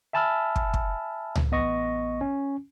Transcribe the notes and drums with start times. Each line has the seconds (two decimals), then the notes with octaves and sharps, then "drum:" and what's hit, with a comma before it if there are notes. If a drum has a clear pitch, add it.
0.13 E5 G#5 A5 B5 E6 F6
0.56 drum: kick
0.74 drum: kick
1.35 drum: tom C#2
1.51 A1 B3 D#5 C#6 A#6
2.21 C#4